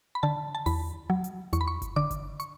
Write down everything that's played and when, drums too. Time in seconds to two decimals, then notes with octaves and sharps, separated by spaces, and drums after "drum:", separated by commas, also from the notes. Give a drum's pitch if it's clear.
0.15 B5
0.23 D3 A5
0.55 A5
0.66 E2 B5, drum: open hi-hat
1.10 F#3
1.24 drum: hi-hat
1.53 E2 C#6, drum: hi-hat
1.61 B5
1.68 C#6
1.82 drum: kick G1, hi-hat
1.96 D3 D6
2.11 drum: kick G1, hi-hat
2.40 C#6, drum: hi-hat